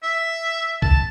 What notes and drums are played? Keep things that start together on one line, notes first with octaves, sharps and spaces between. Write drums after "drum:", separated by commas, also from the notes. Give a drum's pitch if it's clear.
E5
A5, drum: kick C2